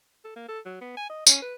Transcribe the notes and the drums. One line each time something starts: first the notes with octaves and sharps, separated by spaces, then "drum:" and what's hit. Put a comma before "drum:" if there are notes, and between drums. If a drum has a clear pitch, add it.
A4
A#3
A4
F#3
B3
G#5
D#5
C#4, drum: tambourine
B4